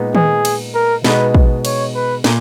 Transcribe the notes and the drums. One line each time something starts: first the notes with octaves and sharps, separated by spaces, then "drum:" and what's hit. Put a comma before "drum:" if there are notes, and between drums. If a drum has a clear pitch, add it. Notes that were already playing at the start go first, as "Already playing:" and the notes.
Already playing: A#2 G#3 B3 D#4
G#4, drum: tom D#3
drum: cymbal
A#4
B2 G#3 B3 D#4 B4, drum: snare
drum: kick
C#5, drum: cymbal
B4
A#2, drum: snare